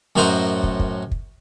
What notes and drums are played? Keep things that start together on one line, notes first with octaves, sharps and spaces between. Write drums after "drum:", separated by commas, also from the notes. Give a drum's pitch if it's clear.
F#2 A2 F#4 A#4 C5 D#5
drum: kick
drum: kick
drum: kick